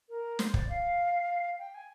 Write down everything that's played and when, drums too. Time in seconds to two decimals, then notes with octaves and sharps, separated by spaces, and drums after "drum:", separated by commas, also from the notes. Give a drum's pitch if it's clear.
0.09 A#4
0.39 C5, drum: snare
0.54 D5, drum: kick
0.68 F5
1.58 G5
1.74 G#5